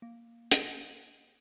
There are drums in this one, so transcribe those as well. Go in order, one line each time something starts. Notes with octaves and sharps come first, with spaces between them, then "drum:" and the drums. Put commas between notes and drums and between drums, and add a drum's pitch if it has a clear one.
A#3
drum: hi-hat